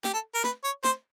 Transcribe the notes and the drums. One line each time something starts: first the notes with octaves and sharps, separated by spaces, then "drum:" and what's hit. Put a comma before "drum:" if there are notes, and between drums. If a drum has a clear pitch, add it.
G4, drum: snare
A4
A#4
B4, drum: snare
C#5
C5, drum: snare